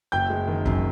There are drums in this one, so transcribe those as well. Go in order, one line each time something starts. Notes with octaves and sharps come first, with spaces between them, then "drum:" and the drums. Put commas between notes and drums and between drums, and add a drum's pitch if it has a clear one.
F#1 G5 G6
G#3
D#3
F#2, drum: kick